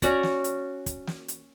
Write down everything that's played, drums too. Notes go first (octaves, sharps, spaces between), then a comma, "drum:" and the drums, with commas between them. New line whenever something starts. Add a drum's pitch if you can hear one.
C#4 F#4 D5 A#5, drum: kick, hi-hat
drum: snare
drum: hi-hat
drum: kick, hi-hat
drum: snare
drum: hi-hat